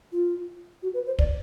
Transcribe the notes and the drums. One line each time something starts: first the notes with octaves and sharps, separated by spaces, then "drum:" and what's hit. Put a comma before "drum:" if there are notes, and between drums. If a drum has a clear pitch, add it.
F4
F#4
B4
C5
D5, drum: kick